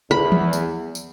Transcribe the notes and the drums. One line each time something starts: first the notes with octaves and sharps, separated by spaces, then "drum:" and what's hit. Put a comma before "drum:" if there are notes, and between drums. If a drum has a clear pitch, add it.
E2 B5, drum: rim click
drum: tom E3
drum: tambourine
drum: tambourine